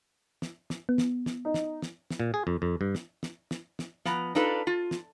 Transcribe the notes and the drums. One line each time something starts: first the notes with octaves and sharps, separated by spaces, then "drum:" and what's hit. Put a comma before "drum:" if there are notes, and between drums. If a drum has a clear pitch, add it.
drum: snare
drum: snare
B3
drum: snare
drum: snare
D#4
drum: snare
drum: snare
drum: snare
A#2
G#4
F2
F2
G2
drum: snare
drum: snare
drum: snare
drum: snare
F3 B3 A#5, drum: snare
D4 D#4 F4 A4 B4, drum: snare
F4
drum: snare